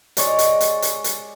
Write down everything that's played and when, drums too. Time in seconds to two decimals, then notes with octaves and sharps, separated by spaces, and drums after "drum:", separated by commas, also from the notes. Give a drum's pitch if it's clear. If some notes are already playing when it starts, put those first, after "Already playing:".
0.17 G#3 C#5 D5, drum: hi-hat
0.39 drum: hi-hat
0.60 drum: hi-hat
0.82 drum: hi-hat
1.04 drum: hi-hat